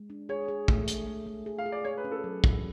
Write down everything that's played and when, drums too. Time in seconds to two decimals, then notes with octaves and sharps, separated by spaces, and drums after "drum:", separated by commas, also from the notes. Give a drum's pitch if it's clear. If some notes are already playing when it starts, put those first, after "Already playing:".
Already playing: G#3
0.10 D4
0.29 G#4 C#5
0.48 G#4
0.68 A3, drum: kick
0.88 A3, drum: hi-hat
1.07 A3
1.26 A3
1.46 G#4
1.58 F5
1.66 G#4
1.72 D5
1.85 G#4 C#5
1.98 B4
2.04 C#4
2.12 A4
2.24 F#3
2.44 F#3, drum: kick